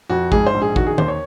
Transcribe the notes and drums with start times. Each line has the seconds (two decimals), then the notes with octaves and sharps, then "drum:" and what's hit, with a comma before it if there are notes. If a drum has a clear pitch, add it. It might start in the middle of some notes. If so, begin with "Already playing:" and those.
0.10 F2 F#4
0.32 G#2 G#4, drum: kick
0.47 C5
0.54 A#1
0.62 G#4
0.76 D#3 F#4, drum: kick
0.87 G#4
0.98 D#2 C5, drum: tom D#3
1.08 C#5